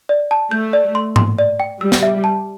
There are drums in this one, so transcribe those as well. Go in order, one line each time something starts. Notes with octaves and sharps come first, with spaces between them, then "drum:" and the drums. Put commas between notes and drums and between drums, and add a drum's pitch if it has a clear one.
D5
A5
A3 G6
D5
C6
C6, drum: tom G#2
D5
G5
G3 E6
drum: snare
E5
A5